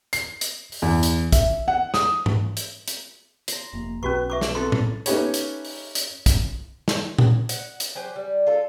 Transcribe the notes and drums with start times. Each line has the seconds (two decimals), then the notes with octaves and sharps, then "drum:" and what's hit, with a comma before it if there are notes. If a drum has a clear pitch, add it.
0.13 C7, drum: hi-hat
0.41 drum: hi-hat
0.72 drum: open hi-hat
0.82 E2
1.03 drum: hi-hat
1.32 E5, drum: kick, hi-hat
1.68 F#5
1.94 D#6, drum: snare
2.26 drum: tom G#2
2.57 drum: hi-hat
2.88 drum: hi-hat
3.48 A#5 C6, drum: hi-hat
3.73 F1 A#3
4.03 B1 C#4 F#4 B4 C#6
4.30 E5 C#6 D6
4.41 drum: snare
4.55 B3 C4 A4 C6
4.72 drum: tom A2
5.06 A3 C#4 D#4 G4 B4 C#5, drum: hi-hat
5.34 drum: hi-hat
5.65 drum: open hi-hat
5.95 drum: hi-hat
6.26 drum: kick, hi-hat
6.88 drum: snare
7.18 drum: tom A#2
7.49 F#5, drum: hi-hat
7.80 drum: hi-hat
7.95 F#3 G4 C5 G#5
8.16 G3
8.47 F4 A4